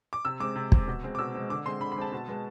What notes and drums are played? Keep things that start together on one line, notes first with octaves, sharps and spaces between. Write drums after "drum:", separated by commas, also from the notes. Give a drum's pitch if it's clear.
D6
C3 E6
G#3 C4 D6
C3
G#3 C4, drum: kick
B2
G#3 C4
D6
B2 E6
G#3 C4
D3 D6
G#3 C4 C6
D3 B5
B5
G#3 C4 A5
B2
G#3 B3